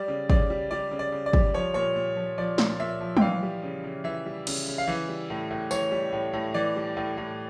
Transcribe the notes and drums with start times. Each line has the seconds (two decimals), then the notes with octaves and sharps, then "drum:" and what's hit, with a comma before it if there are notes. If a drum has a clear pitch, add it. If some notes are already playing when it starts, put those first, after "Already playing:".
Already playing: G3 D5
0.08 C#3
0.30 C#3 D5, drum: kick
0.50 G3
0.71 G3 D5
0.91 C#3
0.99 D5
1.12 C#3
1.26 D5
1.33 G3, drum: kick
1.54 F3 C#5
1.74 A#2 C#5
1.96 A#2
2.16 F3
2.38 F3 D5
2.58 A#2, drum: snare
2.80 A#2 E5
3.01 F3
3.17 G5, drum: tom F#3
3.21 E3 F5
3.43 G3
3.63 C#3
3.84 C#3
4.04 E3 E5
4.26 G3
4.47 C#3, drum: cymbal
4.68 C#3
4.78 F5
4.87 E3 E5
5.09 G3
5.30 A2
5.51 A2
5.71 E3 C#5, drum: tambourine
5.92 G3
6.13 A2
6.33 A2
6.54 E3 D5
6.76 G3
6.97 A2
7.17 A2